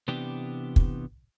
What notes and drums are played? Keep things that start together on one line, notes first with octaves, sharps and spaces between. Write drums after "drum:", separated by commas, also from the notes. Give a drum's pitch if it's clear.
C3 E3 B3 D4 G4
drum: kick